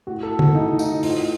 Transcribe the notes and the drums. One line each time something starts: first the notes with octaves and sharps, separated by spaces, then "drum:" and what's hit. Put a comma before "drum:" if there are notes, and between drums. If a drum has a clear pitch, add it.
A2 F#4
A4
F#4, drum: tom D3
A2 D#4
D#4, drum: tambourine
A2 F4, drum: open hi-hat